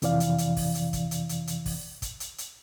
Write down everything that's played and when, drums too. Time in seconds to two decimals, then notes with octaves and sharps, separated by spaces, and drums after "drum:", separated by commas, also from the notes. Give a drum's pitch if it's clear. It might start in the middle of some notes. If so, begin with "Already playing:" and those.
0.02 F2 C3 E3 D5 F5, drum: hi-hat
0.20 drum: hi-hat
0.38 drum: hi-hat
0.57 drum: kick, open hi-hat
0.75 drum: hi-hat
0.93 drum: kick, hi-hat
1.11 drum: hi-hat
1.29 drum: hi-hat
1.47 drum: hi-hat
1.66 drum: kick, open hi-hat
2.02 drum: kick, hi-hat
2.20 drum: hi-hat
2.38 drum: hi-hat